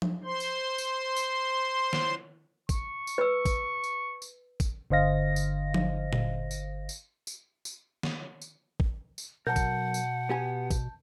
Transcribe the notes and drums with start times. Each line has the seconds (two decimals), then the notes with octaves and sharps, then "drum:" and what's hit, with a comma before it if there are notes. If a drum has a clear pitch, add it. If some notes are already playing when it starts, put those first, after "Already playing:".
0.02 drum: tom F3
0.24 C5 C6
0.40 drum: tambourine
0.78 drum: tambourine
1.16 drum: tambourine
1.93 drum: snare
2.69 C#6, drum: kick, tambourine
3.07 drum: tambourine
3.18 B4 E6
3.45 drum: kick, tambourine
3.84 drum: tambourine
4.22 drum: tambourine
4.60 drum: kick, tambourine
4.90 G1 D3 C5 D#5 F5 A#6
5.36 drum: tambourine
5.74 drum: tom F3
6.13 drum: tom A#2
6.51 drum: tambourine
6.89 drum: tambourine
7.27 drum: tambourine
7.65 drum: tambourine
8.03 drum: snare
8.42 drum: tambourine
8.80 drum: kick
9.18 drum: tambourine
9.47 B1 B2 A#4 F#5 A5 G6
9.56 drum: kick, tambourine
9.94 drum: tambourine
10.29 B3 G4 G#5
10.71 drum: kick, tambourine